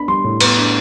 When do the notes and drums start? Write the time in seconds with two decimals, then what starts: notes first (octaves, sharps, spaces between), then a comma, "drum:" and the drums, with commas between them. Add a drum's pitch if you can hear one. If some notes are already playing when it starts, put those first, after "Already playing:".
Already playing: B3 D4 B5
0.08 G3 C6
0.24 A2
0.41 B3, drum: cymbal
0.57 D4